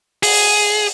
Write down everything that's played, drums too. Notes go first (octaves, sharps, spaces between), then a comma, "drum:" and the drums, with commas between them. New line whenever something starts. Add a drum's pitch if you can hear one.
G#4, drum: open hi-hat